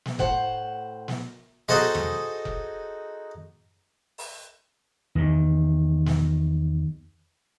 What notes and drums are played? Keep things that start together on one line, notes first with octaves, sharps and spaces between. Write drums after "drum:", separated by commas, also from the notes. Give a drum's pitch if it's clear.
drum: snare
A2 C5 F#5, drum: kick F1
drum: snare
D#4 F#4 G#4 A4 C5 D#5, drum: snare
drum: tom E2
drum: kick F1
drum: open hi-hat
E2 D#3
drum: snare